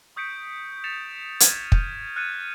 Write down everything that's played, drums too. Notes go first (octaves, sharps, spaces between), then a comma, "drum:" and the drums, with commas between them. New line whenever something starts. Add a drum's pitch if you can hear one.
C#6 D#6 G6 B6 C#7 D7
A6 B6 C#7 E7 F7
D#6 F6 G#6 D#7, drum: hi-hat
G6, drum: kick
F6 F#6 G#6 A6 C#7 D#7